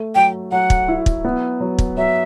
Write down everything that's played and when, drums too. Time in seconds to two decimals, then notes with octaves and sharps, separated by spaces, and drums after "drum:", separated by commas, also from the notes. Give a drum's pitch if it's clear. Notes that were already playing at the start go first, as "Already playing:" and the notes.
Already playing: A3
0.15 F#3 G5
0.52 F#3 F#5
0.70 drum: kick
0.88 E4
1.06 drum: kick
1.25 B3
1.60 F#3
1.79 drum: kick
1.97 F#3 E5